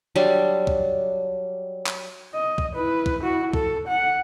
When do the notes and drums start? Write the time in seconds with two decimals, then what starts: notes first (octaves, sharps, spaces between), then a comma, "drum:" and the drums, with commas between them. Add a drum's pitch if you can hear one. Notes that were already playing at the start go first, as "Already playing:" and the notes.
0.15 F#3 G3 D4 C6
0.67 drum: kick
1.87 drum: clap
2.34 D#5
2.58 drum: kick
2.75 E4 B4
3.06 drum: kick
3.20 E4 F#4
3.53 A4, drum: kick
3.87 F#5